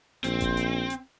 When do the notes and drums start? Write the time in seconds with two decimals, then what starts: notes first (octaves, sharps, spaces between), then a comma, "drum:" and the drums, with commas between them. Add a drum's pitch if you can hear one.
0.24 A#1 C4, drum: hi-hat
0.41 drum: kick F#1, hi-hat
0.57 drum: hi-hat
0.90 drum: hi-hat